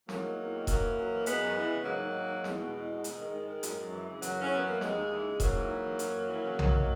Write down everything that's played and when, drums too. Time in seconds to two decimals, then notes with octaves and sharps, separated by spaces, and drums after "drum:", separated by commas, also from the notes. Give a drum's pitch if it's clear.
0.09 E2 F#3 A#3, drum: snare
0.23 D#3
0.38 E2
0.53 D#3
0.67 F#2 F#3 A#3, drum: kick E1, hi-hat
0.82 E3
0.97 F#2
1.12 E3
1.26 F#2 G#3 B3, drum: hi-hat
1.42 F#2
1.56 E3
1.71 C#3
1.82 G#3
1.85 G#2 F#3 A#3
2.01 D#3
2.15 G#2
2.30 D#3
2.44 E2 G#3, drum: snare
2.60 B2
2.75 E2
2.90 B2
3.04 G#2, drum: hi-hat
3.18 D#3
3.34 G#2
3.48 D#3
3.63 F#2, drum: hi-hat
3.78 F#2
3.93 E3
4.07 C#3
4.22 F#2 F#3, drum: hi-hat
4.37 E3 C#4
4.51 F#2 B3
4.66 E3 A#3
4.81 D#2 G#3, drum: snare
4.96 D#2
5.11 E3
5.26 C#3
5.40 G#2 F#3 A#3, drum: kick E1, hi-hat
5.55 E3
5.70 G#2
5.85 E3
5.99 F#2, drum: hi-hat
6.15 F#2
6.29 E3
6.43 C#3
6.59 D#2, drum: tom B1
6.73 D#3